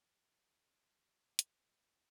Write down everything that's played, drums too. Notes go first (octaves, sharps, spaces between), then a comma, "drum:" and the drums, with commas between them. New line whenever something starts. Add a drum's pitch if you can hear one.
F#3
F3
A1
A#4
C#7, drum: hi-hat
E6
G5